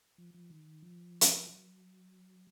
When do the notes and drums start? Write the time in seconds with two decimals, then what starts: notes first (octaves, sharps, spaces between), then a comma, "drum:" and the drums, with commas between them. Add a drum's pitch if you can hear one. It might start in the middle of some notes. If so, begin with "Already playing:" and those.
0.18 F3
0.34 F3
0.50 D#3
0.82 F3
1.21 drum: hi-hat
1.46 F#3